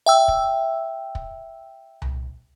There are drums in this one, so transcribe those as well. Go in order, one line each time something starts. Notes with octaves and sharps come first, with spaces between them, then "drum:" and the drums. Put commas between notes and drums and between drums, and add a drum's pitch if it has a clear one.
E5 G5 E6
drum: kick
drum: kick
drum: tom C2